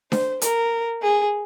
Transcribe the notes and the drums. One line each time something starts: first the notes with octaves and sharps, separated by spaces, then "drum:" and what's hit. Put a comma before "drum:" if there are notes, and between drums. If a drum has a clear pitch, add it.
C5, drum: snare D4
A#4, drum: hi-hat
G#4